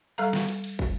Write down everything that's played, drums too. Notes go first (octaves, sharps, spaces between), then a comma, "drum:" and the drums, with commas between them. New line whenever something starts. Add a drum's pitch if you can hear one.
G3 A4 F5 A#5
drum: snare
drum: cymbal
drum: cymbal
drum: kick